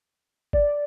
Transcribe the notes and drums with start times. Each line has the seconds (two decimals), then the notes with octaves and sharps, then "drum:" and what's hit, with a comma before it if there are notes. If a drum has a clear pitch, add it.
0.53 D5, drum: kick